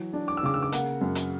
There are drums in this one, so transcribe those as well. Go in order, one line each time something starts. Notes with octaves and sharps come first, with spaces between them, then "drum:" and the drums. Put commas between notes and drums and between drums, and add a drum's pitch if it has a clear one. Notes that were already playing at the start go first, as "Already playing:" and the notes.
Already playing: E3 F#3
D4
D6
E6
C#3 D6
E6
D6
A#3 F#5, drum: hi-hat
F#2
drum: hi-hat